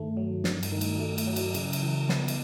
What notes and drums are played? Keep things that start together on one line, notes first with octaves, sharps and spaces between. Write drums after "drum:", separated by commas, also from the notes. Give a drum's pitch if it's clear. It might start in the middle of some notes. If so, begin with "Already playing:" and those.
Already playing: G2 D#3 A3
F#3
G2, drum: snare
drum: cymbal
D#3
drum: cymbal
A3
drum: cymbal
F#3
drum: cymbal
C#3, drum: cymbal
drum: cymbal
E3
B3, drum: snare
drum: cymbal